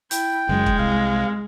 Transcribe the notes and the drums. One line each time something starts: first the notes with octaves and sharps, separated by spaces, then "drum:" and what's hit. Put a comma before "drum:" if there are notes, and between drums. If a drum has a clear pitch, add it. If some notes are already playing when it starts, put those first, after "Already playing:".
E4 G5, drum: hi-hat
F#1 F#2 G#3
drum: kick
C2 F5